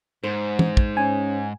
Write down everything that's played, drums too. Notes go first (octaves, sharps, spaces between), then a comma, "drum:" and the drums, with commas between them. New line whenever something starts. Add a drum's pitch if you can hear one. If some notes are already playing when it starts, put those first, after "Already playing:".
G#2 C5
drum: tom
drum: kick
C#4 G#5